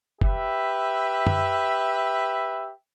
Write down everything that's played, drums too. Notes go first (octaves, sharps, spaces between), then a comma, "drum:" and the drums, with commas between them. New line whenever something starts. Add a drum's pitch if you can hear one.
G4 B4 E5, drum: kick
drum: tom F#2